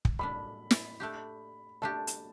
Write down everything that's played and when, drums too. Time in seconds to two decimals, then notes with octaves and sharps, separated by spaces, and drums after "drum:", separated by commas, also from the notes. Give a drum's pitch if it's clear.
0.05 drum: kick
0.19 A2 G3 D4 B5
0.71 drum: snare
1.00 A3 D4 G4
1.82 A3 D4 G4 A5
2.07 drum: hi-hat